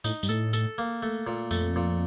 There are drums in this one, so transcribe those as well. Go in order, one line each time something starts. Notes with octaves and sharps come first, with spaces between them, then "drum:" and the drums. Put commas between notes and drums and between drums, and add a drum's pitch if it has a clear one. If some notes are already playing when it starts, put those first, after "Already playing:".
A2 D#4, drum: tambourine
G2, drum: tambourine
A2 A4
A4, drum: tambourine
A#3
A3
A#2
F2 A3, drum: tambourine
A#2